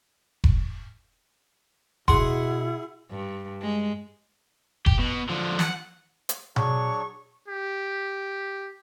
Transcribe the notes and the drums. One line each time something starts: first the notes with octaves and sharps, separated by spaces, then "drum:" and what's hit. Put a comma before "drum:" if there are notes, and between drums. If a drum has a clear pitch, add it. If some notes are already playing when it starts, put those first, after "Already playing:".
drum: kick F1
B2 E4 G#4 F#5 C6, drum: kick F1
G2
G#3
G4, drum: kick F1
B2
D3 F3
F#5, drum: snare
drum: hi-hat
F#3 D4 G#4 C#5 C#6, drum: tom B2
G4